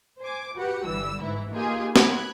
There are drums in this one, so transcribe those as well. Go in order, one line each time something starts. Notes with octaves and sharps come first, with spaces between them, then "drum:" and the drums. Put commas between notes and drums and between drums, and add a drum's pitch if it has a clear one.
C5 G#5 D6
F#4 G4 B4 F#5
G1 E3 G3 E6
G1 G#2 E3 E4
A#3 D#4 F4 G4 G#4
B5 F#6 G#6, drum: snare